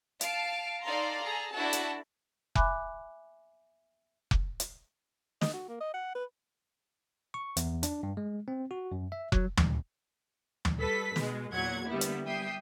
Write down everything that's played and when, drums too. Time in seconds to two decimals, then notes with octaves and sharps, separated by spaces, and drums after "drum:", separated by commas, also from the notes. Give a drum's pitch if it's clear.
0.21 F5 A5 D7, drum: hi-hat
0.84 D#4 A4 D5 F5 A#5 C6
1.22 G#4 A4 A#5
1.54 D4 E4 F#4 A4 A5
1.73 drum: hi-hat
2.55 E5 G#5 B5 D6 F#6, drum: kick F1
4.31 drum: kick F1
4.60 drum: hi-hat
5.41 D#5, drum: snare
5.54 F#4
5.69 A#3
5.81 D#5
5.94 F#5
6.15 B4
7.34 C#6
7.57 E2, drum: hi-hat
7.83 D4, drum: hi-hat
8.03 G2
8.17 G#3
8.48 C4
8.71 F#4
8.92 F#2
9.12 E5
9.32 F#3, drum: kick F1
9.57 drum: tom
10.65 drum: tom
10.78 G3 A4 B4 B6
11.16 B2 G#3, drum: snare
11.52 E2 A#2 F#3 F#5 G#6
11.87 D3 G3 A#3 B3 E4
12.01 drum: hi-hat
12.25 G3 E5 G5 D#6 C7